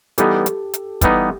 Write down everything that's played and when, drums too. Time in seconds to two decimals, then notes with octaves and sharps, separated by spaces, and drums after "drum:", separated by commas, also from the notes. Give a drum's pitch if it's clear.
0.18 E3 G3 B3 D#4 G4 A4, drum: hi-hat
0.46 drum: hi-hat
0.74 drum: hi-hat
1.01 E3 G3 B3 D#4, drum: kick, hi-hat